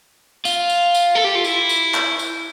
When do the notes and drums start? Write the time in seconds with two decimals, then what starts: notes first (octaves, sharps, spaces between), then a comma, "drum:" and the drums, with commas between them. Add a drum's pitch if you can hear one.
0.45 F4, drum: tambourine
0.70 drum: tambourine
0.94 drum: tambourine
1.15 A4
1.24 G4
1.35 F4
1.44 E4, drum: tambourine
1.69 drum: tambourine
1.94 drum: clap
2.19 drum: tambourine